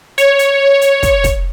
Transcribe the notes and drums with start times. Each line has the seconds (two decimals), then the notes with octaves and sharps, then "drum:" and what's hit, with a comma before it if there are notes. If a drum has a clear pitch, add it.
0.18 C#5, drum: hi-hat
0.39 drum: hi-hat
0.81 drum: hi-hat
1.03 drum: kick, hi-hat
1.24 drum: kick, hi-hat